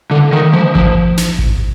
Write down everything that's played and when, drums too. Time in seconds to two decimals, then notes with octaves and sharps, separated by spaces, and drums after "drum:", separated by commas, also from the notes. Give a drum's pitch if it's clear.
0.11 D3
0.33 D#3
0.53 F3
0.75 F3, drum: kick G#1
1.17 drum: snare
1.39 drum: kick G#1